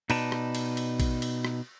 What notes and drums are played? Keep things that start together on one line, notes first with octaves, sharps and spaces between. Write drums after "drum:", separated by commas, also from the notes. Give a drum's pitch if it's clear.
B2 D#4 B4 D5 A5, drum: cymbal
drum: rim click
drum: cymbal
drum: cymbal
drum: kick A1, cymbal
drum: cymbal
drum: rim click